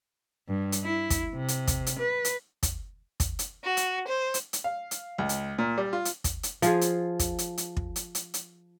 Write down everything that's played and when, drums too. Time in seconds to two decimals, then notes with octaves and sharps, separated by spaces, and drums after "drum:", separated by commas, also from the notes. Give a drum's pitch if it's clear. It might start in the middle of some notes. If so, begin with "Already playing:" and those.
0.48 G2
0.72 drum: hi-hat
0.84 E4
1.10 drum: kick, hi-hat
1.35 C3
1.48 drum: hi-hat
1.67 drum: kick, hi-hat
1.86 drum: hi-hat
1.99 B4
2.25 drum: hi-hat
2.63 drum: kick, hi-hat
3.20 drum: kick, hi-hat
3.39 drum: hi-hat
3.64 F#4
3.77 drum: hi-hat
4.08 C5
4.34 drum: hi-hat
4.53 drum: hi-hat
4.64 F5
4.91 drum: hi-hat
5.18 C#2
5.29 drum: hi-hat
5.58 A#2
5.78 G3
5.93 F4
6.05 drum: hi-hat
6.24 drum: kick, hi-hat
6.43 drum: hi-hat
6.62 F3 F4 G#4, drum: hi-hat
6.81 drum: hi-hat
7.19 drum: kick, hi-hat
7.38 drum: hi-hat
7.58 drum: hi-hat
7.77 drum: kick
7.96 drum: hi-hat
8.15 drum: hi-hat
8.34 drum: hi-hat